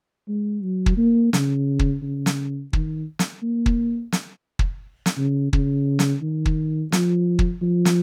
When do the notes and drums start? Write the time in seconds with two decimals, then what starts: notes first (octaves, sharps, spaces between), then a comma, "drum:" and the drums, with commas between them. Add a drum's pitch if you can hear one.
0.28 G#3
0.63 F#3
0.86 drum: kick
0.97 A#3
1.33 C#3, drum: snare
1.79 drum: kick
2.02 C#3
2.26 drum: snare
2.73 D#3, drum: kick
3.19 drum: snare
3.43 A#3
3.66 drum: kick
4.12 drum: snare
4.59 drum: kick
5.06 drum: snare
5.18 C#3
5.53 C#3, drum: kick
5.99 drum: snare
6.22 D#3
6.46 drum: kick
6.92 F3, drum: snare
7.39 drum: kick
7.61 F3
7.85 drum: snare